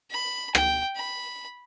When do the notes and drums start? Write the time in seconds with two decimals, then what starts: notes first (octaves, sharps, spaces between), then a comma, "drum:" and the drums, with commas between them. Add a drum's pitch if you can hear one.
0.11 B5
0.55 G5, drum: rim click
0.96 B5